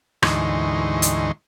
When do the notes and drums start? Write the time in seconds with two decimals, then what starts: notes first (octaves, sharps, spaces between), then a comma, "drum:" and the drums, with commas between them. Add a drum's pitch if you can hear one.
0.23 D2 G#2 E3 D#4 C6 C#6, drum: rim click
1.02 drum: hi-hat